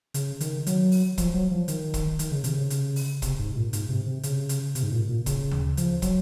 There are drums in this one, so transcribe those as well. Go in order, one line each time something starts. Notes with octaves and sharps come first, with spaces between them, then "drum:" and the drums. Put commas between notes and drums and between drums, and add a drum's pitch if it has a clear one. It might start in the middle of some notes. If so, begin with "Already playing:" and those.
C#3, drum: hi-hat
D#3, drum: hi-hat
F#3, drum: hi-hat
drum: open hi-hat
F3, drum: kick, hi-hat
F#3
F3
D#3, drum: hi-hat
drum: kick, hi-hat
D#3, drum: hi-hat
C#3
C3, drum: hi-hat
C#3
drum: hi-hat
drum: open hi-hat
C3, drum: kick, hi-hat
G#2
A#2
G#2, drum: hi-hat
C3
C3
C#3, drum: hi-hat
drum: hi-hat
C3, drum: hi-hat
G#2
A#2
A#2
C#3, drum: kick, hi-hat
drum: tom D2
F3, drum: hi-hat
F#3, drum: kick, hi-hat